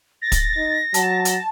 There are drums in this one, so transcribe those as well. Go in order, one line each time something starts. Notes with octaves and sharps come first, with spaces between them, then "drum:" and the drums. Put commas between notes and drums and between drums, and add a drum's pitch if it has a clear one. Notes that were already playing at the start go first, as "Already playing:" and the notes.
A6 A#6
drum: kick, hi-hat
D#4
F#3 A5, drum: hi-hat
drum: hi-hat